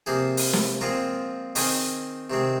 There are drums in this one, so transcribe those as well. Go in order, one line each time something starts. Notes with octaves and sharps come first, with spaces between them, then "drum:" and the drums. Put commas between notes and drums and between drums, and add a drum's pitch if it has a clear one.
C3 F3 A#3 G#4 C5
drum: open hi-hat
drum: snare
A#2 F3 G#3 C4 F4 A#4
D#3 C4 D#4 G#4, drum: open hi-hat
C3 D#3 G#3 C4